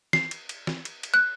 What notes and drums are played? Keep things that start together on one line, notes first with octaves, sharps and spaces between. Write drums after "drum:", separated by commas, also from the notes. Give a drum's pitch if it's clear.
C7, drum: snare
drum: cymbal
drum: cymbal
drum: snare
drum: cymbal
drum: cymbal
F#6